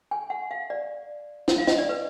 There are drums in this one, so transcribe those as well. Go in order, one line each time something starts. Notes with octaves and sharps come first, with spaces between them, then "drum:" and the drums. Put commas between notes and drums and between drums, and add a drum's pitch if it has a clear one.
G#5
F#5
F5
D5
drum: snare
F5
D#5, drum: snare
D5
B4